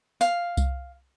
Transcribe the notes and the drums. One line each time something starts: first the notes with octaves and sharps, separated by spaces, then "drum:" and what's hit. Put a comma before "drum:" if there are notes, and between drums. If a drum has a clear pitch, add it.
F5, drum: tambourine
drum: kick C2, tambourine